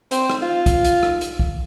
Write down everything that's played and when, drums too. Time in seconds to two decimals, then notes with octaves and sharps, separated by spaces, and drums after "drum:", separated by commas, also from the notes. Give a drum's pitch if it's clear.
0.11 C4, drum: hi-hat
0.30 drum: rim click
0.42 F4
0.66 drum: kick, hi-hat
0.84 drum: hi-hat
1.03 drum: rim click
1.21 drum: hi-hat
1.39 drum: kick